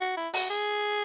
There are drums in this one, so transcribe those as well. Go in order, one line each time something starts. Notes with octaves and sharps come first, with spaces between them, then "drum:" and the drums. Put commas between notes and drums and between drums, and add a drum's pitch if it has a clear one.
F#4
E4
F#4, drum: open hi-hat
G#4